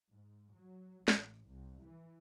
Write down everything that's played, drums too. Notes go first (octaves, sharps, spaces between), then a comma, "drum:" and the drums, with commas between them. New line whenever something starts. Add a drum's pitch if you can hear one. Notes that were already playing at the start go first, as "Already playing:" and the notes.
G#2
F#3
A1, drum: snare
C2
E3